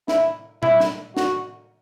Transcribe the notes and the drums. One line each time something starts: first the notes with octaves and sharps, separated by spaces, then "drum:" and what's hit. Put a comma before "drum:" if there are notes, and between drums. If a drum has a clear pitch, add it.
E4, drum: snare
E4, drum: tom A#2
drum: snare
F#4, drum: snare